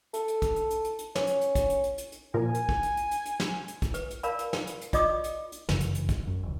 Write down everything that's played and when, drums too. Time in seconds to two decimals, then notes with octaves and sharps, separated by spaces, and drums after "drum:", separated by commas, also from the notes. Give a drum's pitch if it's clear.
0.14 A4, drum: hi-hat
0.28 drum: hi-hat
0.42 drum: kick, hi-hat
0.56 drum: hi-hat
0.70 drum: hi-hat
0.85 drum: hi-hat
0.99 drum: hi-hat
1.15 C#4, drum: snare
1.27 drum: hi-hat
1.41 drum: hi-hat
1.55 drum: kick, hi-hat
1.70 drum: hi-hat
1.84 drum: hi-hat
1.98 drum: hi-hat
2.12 drum: hi-hat
2.34 A#2 F3 A#4 G#5
2.55 drum: hi-hat
2.69 drum: kick
2.83 drum: hi-hat
2.97 drum: hi-hat
3.11 drum: hi-hat
3.25 drum: hi-hat
3.40 drum: snare
3.68 drum: hi-hat
3.82 drum: kick, hi-hat
3.94 B4, drum: hi-hat
4.10 drum: hi-hat
4.23 A#4 D5 F5 A5 B5, drum: hi-hat
4.39 drum: hi-hat
4.53 drum: snare
4.67 drum: hi-hat
4.81 drum: hi-hat
4.93 F4 D5 D#5 D6 D#6, drum: kick, hi-hat
5.24 drum: hi-hat
5.52 drum: hi-hat
5.69 G1 F#2 C#3 E3, drum: snare
5.81 drum: hi-hat
5.95 drum: hi-hat
6.09 drum: kick, hi-hat
6.27 F#2
6.43 E1 C#2